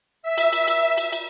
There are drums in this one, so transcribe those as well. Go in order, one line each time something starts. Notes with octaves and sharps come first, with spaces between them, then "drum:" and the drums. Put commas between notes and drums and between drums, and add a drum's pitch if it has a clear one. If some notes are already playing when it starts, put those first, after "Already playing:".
E5
drum: cymbal
drum: cymbal
drum: cymbal
drum: cymbal
drum: cymbal